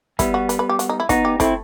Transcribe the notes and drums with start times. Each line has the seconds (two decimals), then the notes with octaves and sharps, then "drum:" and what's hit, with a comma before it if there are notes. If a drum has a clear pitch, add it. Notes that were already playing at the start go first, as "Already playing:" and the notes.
0.19 G3 B3 E4, drum: kick, hi-hat
0.34 F#4
0.49 B4, drum: hi-hat
0.59 B4
0.69 G4
0.79 F#4, drum: hi-hat
0.89 D#4
1.00 E4
1.09 B3 D#4 F#4, drum: kick, hi-hat
1.25 G4
1.40 A3 C4 E4, drum: kick, hi-hat